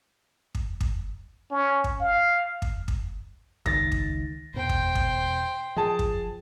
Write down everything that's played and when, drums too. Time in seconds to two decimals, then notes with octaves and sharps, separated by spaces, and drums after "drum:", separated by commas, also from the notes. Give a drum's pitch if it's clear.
0.55 drum: kick
0.81 drum: kick
1.51 C#4
1.84 drum: kick
2.00 F5
2.62 drum: kick
2.88 drum: kick
3.66 C#2 D#3 A6 A#6, drum: kick
3.92 drum: kick
4.54 E1 B2 C5 G5
4.69 drum: kick
4.95 drum: kick
5.77 F3 G#4 A5
5.99 drum: kick